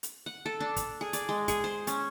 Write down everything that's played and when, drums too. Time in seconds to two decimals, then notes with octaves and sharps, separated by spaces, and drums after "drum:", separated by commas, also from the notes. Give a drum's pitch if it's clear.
0.03 drum: hi-hat
0.26 F#5
0.46 A4
0.60 D4
0.76 drum: kick, hi-hat
1.01 G#4
1.13 D5, drum: hi-hat
1.29 G#3
1.48 G#4, drum: kick, hi-hat
1.64 C5
1.87 C#4, drum: hi-hat